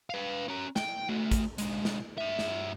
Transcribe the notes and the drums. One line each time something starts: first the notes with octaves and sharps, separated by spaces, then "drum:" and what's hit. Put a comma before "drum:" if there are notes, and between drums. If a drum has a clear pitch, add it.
B4 F5
C#4 A#5
G5, drum: snare
A3 F#4
drum: kick, hi-hat
B1 G#3, drum: hi-hat
drum: snare
G2 E5
drum: snare